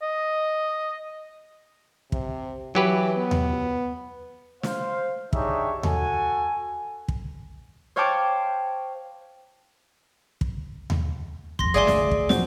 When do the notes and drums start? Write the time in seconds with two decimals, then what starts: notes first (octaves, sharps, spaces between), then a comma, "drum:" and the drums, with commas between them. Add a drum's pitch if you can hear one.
0.02 D#5
2.12 C3, drum: kick
2.75 E3 F#3 G4 B4
3.17 B3
3.31 drum: tom D#2
4.63 C5 F5, drum: snare
5.33 D4 D#4 G4 G#4 C#5 E5, drum: kick
5.83 F#4 A4 G#5, drum: tom D#2
7.08 drum: kick
7.96 C5 C#5 F5 G5 A5 D6
10.41 drum: kick
10.90 drum: tom D#2
11.59 D#1 F2 C6 A#6, drum: kick
11.74 G#1 G#4 D5 E5 F5 G#5 C6
11.87 D2 G3 A3, drum: snare
12.11 drum: kick
12.29 A#2 F3 F#3 C5, drum: snare